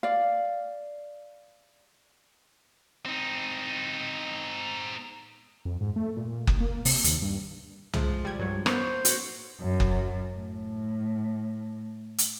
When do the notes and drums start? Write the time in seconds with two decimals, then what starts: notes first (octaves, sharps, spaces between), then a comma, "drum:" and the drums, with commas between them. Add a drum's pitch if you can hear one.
0.03 D5 F5
3.06 C4 D#4
5.65 F2
5.81 G#2
5.96 A3
6.17 A#2
6.47 D2, drum: kick F#1
6.60 A#3
6.85 C3, drum: open hi-hat
7.04 D#2, drum: hi-hat
7.22 G2
7.93 F3 G#3, drum: tom C2
8.25 G3 G#6
8.39 G2 F#3 C#5
8.66 A#3 B3 C5 C#5, drum: rim click
9.05 F#4 C#5, drum: hi-hat
9.60 F#2
9.80 drum: kick F#1
10.35 A2
12.18 drum: hi-hat